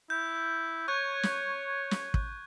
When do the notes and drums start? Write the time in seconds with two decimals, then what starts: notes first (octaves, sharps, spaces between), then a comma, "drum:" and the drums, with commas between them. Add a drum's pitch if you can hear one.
0.10 E4 G6
0.88 C#5 C#6 F#6 G#6
1.23 drum: snare
1.91 drum: snare
2.14 drum: kick